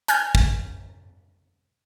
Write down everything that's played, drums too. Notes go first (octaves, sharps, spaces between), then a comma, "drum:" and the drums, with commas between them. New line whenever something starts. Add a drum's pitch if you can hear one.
G#5 F6 G6 G#6, drum: hi-hat
drum: kick